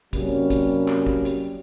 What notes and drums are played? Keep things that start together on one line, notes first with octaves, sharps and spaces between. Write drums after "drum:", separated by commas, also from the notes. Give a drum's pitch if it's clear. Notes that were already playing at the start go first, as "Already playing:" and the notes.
F#2 C3 F#3 G3 A#3 C#4, drum: kick, hi-hat
drum: kick, hi-hat
drum: clap
drum: kick
drum: hi-hat